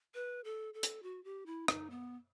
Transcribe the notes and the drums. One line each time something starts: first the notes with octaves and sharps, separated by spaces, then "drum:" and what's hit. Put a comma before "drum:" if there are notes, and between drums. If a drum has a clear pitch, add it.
B4
A4
A4
drum: hi-hat
F#4
G4
E4
D#4, drum: rim click
B3